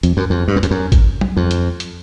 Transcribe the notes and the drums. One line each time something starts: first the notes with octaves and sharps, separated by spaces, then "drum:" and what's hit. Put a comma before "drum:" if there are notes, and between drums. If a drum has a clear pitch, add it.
F2, drum: hi-hat
F#2
F2
G2
F#2
F2, drum: hi-hat
F#2
drum: kick G#1, hi-hat
drum: tom F#3
F2
drum: hi-hat
drum: hi-hat